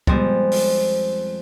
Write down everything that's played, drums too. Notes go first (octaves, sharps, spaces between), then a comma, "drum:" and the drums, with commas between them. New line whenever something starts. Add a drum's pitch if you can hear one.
F2 G3 G#3 B3 C5 G#5, drum: kick
drum: open hi-hat